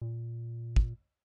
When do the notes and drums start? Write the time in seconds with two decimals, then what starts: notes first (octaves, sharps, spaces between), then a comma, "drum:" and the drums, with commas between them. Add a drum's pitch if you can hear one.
0.02 A#2
0.76 drum: kick